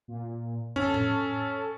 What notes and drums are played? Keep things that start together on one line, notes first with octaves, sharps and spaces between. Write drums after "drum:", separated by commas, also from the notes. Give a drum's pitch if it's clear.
A#2
C#4 A4, drum: tom
drum: tom A2